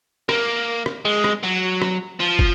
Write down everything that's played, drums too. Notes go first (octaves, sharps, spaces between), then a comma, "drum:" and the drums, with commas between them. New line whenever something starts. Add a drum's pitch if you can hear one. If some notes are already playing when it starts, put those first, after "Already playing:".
A#3, drum: rim click
drum: rim click
G#3
drum: rim click
F#3
drum: rim click
F3
drum: kick